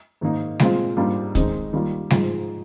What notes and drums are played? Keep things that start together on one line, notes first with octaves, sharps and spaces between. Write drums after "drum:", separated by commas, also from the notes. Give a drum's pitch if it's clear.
G#2 D#3 A#3 D#4
A#2 G#3 C4 F4, drum: snare G3
G#2 G3 A#3 D4 F4
D#3 G#3 C4 D#4, drum: kick, hi-hat
D#3 G3 A#3 F4
G#2 F3 G#3, drum: snare G3